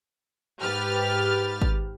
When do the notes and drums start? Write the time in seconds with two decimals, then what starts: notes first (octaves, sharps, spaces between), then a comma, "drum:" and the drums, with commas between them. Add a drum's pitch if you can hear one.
0.61 G#2 G4 B4 F6 A6
1.62 drum: kick G#1